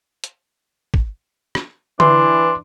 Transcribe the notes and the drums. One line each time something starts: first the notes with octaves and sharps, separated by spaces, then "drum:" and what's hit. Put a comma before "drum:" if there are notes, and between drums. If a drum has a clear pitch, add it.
drum: hi-hat
drum: kick
drum: rim click
E3 D4 C6, drum: tom D3